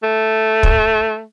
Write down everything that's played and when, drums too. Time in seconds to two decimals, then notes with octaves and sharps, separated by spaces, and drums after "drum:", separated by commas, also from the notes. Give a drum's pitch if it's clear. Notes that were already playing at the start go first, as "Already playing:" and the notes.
0.03 A3
0.63 drum: kick